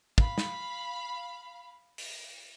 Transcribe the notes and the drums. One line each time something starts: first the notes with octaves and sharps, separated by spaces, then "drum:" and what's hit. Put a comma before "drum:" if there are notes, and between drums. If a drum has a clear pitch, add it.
F5 B5, drum: kick
drum: snare
drum: open hi-hat